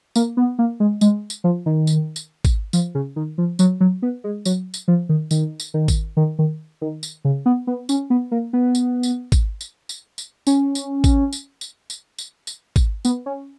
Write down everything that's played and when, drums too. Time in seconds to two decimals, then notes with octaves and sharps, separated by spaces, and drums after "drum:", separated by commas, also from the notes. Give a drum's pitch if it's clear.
0.16 A#3, drum: tambourine
0.37 B3
0.59 A#3
0.80 G#3
1.01 G#3, drum: tambourine
1.30 drum: tambourine
1.44 F3
1.66 D#3
1.87 drum: tambourine
2.16 drum: tambourine
2.45 drum: kick, tambourine
2.73 F3, drum: tambourine
2.95 C#3
3.16 D#3
3.38 F3
3.59 F#3, drum: tambourine
3.80 F#3
4.02 B3
4.24 G#3
4.45 F#3, drum: tambourine
4.74 drum: tambourine
4.88 F3
5.09 D#3
5.31 D#3, drum: tambourine
5.60 drum: tambourine
5.74 D#3
5.88 drum: kick, tambourine
6.17 D#3
6.39 D#3
6.81 D#3
7.03 drum: tambourine
7.25 C#3
7.46 B3
7.67 B3
7.89 C#4, drum: tambourine
8.10 B3
8.31 A#3
8.53 B3
8.75 drum: tambourine
9.03 drum: tambourine
9.32 drum: kick, tambourine
9.61 drum: tambourine
9.89 drum: tambourine
10.18 drum: tambourine
10.47 C#4, drum: tambourine
10.75 drum: tambourine
11.04 drum: kick, tambourine
11.33 drum: tambourine
11.61 drum: tambourine
11.90 drum: tambourine
12.18 drum: tambourine
12.47 drum: tambourine
12.76 drum: kick, tambourine
13.05 B3, drum: tambourine
13.26 C#4